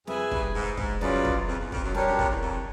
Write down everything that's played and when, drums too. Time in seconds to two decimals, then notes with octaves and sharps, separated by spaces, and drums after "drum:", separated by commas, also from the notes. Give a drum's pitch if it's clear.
0.07 F2 G#4 B4 E5 G#5, drum: snare
0.31 G2, drum: kick
0.54 G#2
0.77 G#2, drum: kick
1.01 F#2 C#4 F4 G#4 B4 D5, drum: snare
1.25 drum: kick
1.48 F2
1.60 E2
1.72 F2, drum: kick
1.84 F#2
1.94 G2 D4 G4 A#4 C#5, drum: snare
2.06 F#2
2.19 F2, drum: kick
2.30 E2
2.41 F2